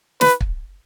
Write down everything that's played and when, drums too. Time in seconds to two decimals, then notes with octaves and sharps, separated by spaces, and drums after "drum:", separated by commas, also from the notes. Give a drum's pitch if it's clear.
0.21 B4, drum: snare
0.41 drum: kick